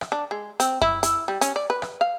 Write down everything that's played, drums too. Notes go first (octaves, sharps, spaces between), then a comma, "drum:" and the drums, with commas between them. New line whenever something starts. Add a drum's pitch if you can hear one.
drum: rim click
D4
G#3
C4, drum: hi-hat
E4, drum: kick F#2
E4, drum: hi-hat
G3
C#4, drum: hi-hat
D5
B4
drum: rim click
F5